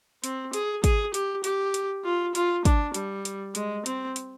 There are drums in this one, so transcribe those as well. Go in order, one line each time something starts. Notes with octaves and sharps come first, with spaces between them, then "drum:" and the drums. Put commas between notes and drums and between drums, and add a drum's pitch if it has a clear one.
C4, drum: hi-hat
G#4, drum: hi-hat
G#4, drum: kick, hi-hat
G4, drum: hi-hat
G4, drum: hi-hat
drum: hi-hat
F4
F4, drum: hi-hat
D4, drum: kick, hi-hat
G3, drum: hi-hat
drum: hi-hat
G#3, drum: hi-hat
C4, drum: hi-hat
drum: hi-hat